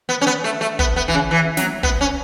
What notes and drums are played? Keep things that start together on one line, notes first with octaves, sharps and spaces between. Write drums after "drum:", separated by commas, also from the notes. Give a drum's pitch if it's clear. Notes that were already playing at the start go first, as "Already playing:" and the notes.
B3
C#4
B3
A3
A3
B3, drum: kick
B3
E3
C#3
E3
F#3, drum: snare
B3, drum: kick
C#4